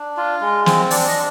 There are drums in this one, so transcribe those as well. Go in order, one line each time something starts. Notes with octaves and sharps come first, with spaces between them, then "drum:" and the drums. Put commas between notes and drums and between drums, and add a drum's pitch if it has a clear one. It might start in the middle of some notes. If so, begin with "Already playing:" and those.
Already playing: D4
F4
G#3
C4, drum: snare
D4 D5, drum: open hi-hat
D#5